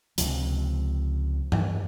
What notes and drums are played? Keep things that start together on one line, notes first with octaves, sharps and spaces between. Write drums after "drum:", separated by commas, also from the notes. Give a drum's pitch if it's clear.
C#2 C3 F3, drum: hi-hat
drum: tom G2